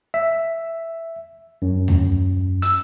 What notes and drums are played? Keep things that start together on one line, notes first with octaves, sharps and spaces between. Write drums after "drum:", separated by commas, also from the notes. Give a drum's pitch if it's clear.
E5
F#2
drum: tom D#2
E6, drum: hi-hat